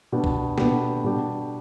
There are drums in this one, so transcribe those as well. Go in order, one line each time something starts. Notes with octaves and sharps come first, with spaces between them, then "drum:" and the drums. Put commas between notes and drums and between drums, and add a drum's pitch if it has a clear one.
B2 B3 D4 G4
drum: kick B1
B2 B3 D4 G4, drum: snare
B2 G3 D4 G4